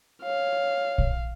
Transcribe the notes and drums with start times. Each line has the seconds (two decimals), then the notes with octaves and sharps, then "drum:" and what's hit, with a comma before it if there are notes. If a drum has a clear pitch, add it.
0.22 C#5 F5
0.98 drum: kick A#1